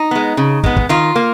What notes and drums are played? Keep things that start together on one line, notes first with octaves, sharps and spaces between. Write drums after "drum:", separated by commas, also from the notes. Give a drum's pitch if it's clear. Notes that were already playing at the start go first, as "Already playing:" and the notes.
Already playing: D#4
G#3 B3
C#3
G#3 B3, drum: kick
drum: kick
D#3 F4
A#3